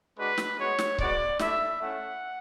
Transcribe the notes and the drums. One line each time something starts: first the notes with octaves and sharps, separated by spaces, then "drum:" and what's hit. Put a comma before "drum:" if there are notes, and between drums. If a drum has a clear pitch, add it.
G#3 D4 F#4 B4
drum: snare
G#3 B3 F#4 C#5
drum: snare
G#3 B3 F#4 D5, drum: kick C#1
A3 E4 E5, drum: snare
A3 C#4 E4 F#5